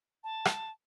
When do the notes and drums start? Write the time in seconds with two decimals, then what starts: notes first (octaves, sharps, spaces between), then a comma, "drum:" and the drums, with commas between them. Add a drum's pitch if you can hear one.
0.24 A5
0.45 drum: rim click